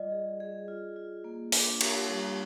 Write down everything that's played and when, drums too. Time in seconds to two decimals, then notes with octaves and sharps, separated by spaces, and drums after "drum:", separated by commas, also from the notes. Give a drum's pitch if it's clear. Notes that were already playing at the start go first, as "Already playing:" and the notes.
Already playing: G3 F4 D5 D#5
0.11 G#4
0.40 G#4
0.68 F4
0.96 F4
1.24 A#3
1.52 D4, drum: open hi-hat
1.81 G4, drum: cymbal
2.09 G3